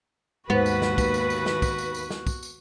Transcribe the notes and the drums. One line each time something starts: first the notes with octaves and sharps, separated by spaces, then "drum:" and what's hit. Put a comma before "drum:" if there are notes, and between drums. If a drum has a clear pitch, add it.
D#2 G#2 B3 F#4 B4
drum: tambourine
drum: snare
drum: kick, tambourine
drum: tambourine
drum: tambourine
drum: snare
drum: kick, tambourine
drum: tambourine
drum: tambourine
drum: snare
drum: kick, tambourine
drum: tambourine